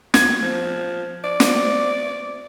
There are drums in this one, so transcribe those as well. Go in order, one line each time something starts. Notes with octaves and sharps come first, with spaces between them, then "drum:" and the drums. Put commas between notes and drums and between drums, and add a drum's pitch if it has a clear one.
G#6, drum: snare
F3
D5
drum: snare